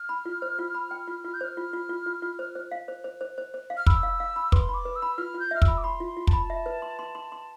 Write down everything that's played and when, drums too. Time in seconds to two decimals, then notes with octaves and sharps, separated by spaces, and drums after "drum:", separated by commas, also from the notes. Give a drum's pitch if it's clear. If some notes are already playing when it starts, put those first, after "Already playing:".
Already playing: F6
0.09 B5
0.26 F4
0.42 C5
0.59 F4
0.74 B5
0.91 G5
1.07 F4
1.24 F4 F6
1.34 G6
1.41 C5 F6
1.57 F4
1.73 F4
1.89 F4
2.06 F4
2.22 F4
2.39 C5
2.55 C5
2.72 F5
2.88 C5
3.04 C5
3.21 C5
3.38 C5
3.54 C5
3.70 F5
3.77 F6
3.86 B5 E6, drum: kick
4.03 F5
4.20 F5
4.36 B5
4.52 B4 C6, drum: kick
4.69 B5
4.74 D6
4.85 B4
4.96 E6
5.02 B5
5.18 F4 F6
5.34 F4
5.40 G6
5.51 E5 F6
5.62 E6, drum: kick
5.68 B5
5.78 D6
5.84 B5 C6
6.00 F4
6.06 C6
6.17 F4
6.27 A5, drum: kick
6.33 B5
6.50 E5
6.66 B4
6.82 C6
6.99 C6
7.15 C6
7.32 C6